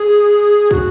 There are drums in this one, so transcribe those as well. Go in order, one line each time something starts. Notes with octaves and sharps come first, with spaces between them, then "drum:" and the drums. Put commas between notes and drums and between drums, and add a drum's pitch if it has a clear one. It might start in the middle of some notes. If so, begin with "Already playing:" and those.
Already playing: G#4
F#4, drum: kick